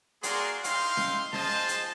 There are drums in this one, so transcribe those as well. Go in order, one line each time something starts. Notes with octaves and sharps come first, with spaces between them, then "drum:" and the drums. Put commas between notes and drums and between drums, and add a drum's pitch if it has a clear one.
A#3 F#4 G#4 A#4 D5 C6, drum: hi-hat
D#4 E4 F5 G5 C6, drum: hi-hat
drum: snare C#4
G#3 F4 C5 D#5 A5, drum: snare C#4
drum: hi-hat